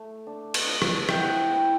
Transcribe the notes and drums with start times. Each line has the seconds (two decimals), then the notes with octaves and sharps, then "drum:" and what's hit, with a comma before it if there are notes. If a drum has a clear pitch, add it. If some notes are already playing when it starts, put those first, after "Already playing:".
Already playing: A3
0.27 D4
0.54 drum: cymbal
0.68 F3
0.82 drum: rim click
1.09 E4 G5, drum: rim click
1.20 F#5
1.30 G5
1.51 E4 G5